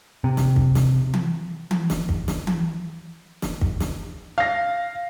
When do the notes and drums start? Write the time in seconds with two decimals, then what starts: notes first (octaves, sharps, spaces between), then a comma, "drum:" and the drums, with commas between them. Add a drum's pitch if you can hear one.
0.24 C3
0.37 drum: snare
0.56 drum: kick
0.75 drum: snare
1.13 drum: tom E3
1.71 drum: tom E3
1.90 drum: snare
2.09 drum: kick
2.28 drum: snare
2.47 drum: tom E3
3.42 drum: snare
3.61 drum: kick
3.80 drum: snare
4.38 F5 A#6